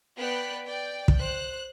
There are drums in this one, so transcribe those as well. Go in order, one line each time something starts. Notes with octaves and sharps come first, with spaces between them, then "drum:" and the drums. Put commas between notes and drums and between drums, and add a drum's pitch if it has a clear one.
B3 B4 D5 G5 F#6
D5 G5
drum: kick
C5 F#6